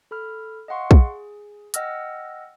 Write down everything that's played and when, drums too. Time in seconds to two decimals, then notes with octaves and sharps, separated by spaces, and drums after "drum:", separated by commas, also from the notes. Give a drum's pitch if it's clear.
0.11 A4 B5 F6
0.68 D#5 F5 F#5 C6 C#6
0.91 G#4, drum: kick
1.74 D#5 F#5 G5 E6 F6 A#6, drum: hi-hat